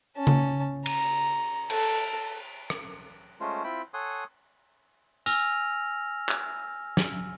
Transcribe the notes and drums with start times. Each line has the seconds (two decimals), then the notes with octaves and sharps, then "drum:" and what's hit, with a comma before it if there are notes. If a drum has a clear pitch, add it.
0.17 C#4 A5
0.27 drum: tom C#3
0.86 A#5, drum: cymbal
1.70 A4, drum: cymbal
2.70 drum: rim click
3.41 G#3 A3 C#4 F4 C5
3.64 C4 E4 F4 G5 B5
3.94 A4 C#5 F#5 G#5 C6 D#6
5.26 G#5 E6 F6 A#6 F7, drum: tambourine
6.29 drum: clap
6.97 drum: snare